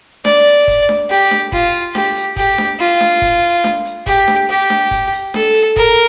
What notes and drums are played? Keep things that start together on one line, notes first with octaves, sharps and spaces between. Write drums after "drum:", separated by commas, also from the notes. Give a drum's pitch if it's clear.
D5, drum: snare D4
drum: hi-hat
drum: kick, hi-hat
drum: snare D4
G4
drum: snare D4
F4, drum: kick, hi-hat
drum: hi-hat
G4, drum: snare D4
drum: hi-hat
G4, drum: kick, hi-hat
drum: snare D4
F4
drum: snare D4
drum: kick, hi-hat
drum: hi-hat
drum: snare D4
drum: hi-hat
G4, drum: kick, hi-hat
drum: snare D4
G4
drum: snare D4
drum: kick, hi-hat
drum: hi-hat
A4, drum: snare D4
drum: hi-hat
A#4, drum: kick, hi-hat